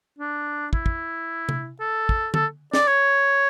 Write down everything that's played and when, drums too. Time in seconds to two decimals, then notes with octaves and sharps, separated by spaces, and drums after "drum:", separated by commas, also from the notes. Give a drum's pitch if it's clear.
0.19 D4
0.73 E4, drum: kick
0.86 drum: kick
1.49 drum: tom
1.80 A4
2.09 drum: kick
2.34 A4, drum: tom D3
2.74 D5, drum: snare
2.87 C#5